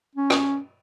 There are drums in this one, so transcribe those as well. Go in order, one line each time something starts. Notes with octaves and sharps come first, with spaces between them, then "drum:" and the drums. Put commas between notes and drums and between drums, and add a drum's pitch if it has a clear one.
C#4
drum: rim click